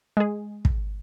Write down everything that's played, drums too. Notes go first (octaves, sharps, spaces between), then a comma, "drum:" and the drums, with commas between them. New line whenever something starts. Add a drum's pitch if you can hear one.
G#3 G#4
drum: kick